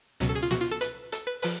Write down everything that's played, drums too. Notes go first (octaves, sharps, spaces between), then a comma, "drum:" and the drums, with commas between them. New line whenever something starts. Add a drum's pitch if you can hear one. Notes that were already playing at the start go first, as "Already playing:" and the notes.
C#2 B2 F#3, drum: hi-hat
A4
G#4
F4
F#4, drum: snare
F4
A4
B4, drum: hi-hat
A4, drum: hi-hat
B4
F3 B4, drum: open hi-hat